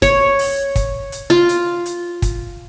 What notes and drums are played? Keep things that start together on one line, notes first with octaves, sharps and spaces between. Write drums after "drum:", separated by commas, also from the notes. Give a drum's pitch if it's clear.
C#5, drum: kick, hi-hat
drum: open hi-hat
drum: kick, hi-hat
drum: hi-hat
F4
drum: hi-hat
drum: hi-hat
drum: kick, hi-hat